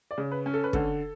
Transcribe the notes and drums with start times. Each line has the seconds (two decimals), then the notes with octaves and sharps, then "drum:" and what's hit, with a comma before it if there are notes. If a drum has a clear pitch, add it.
0.11 D5
0.18 C#3
0.32 B4
0.46 C#4
0.54 A4
0.64 B4
0.73 D3 A4, drum: kick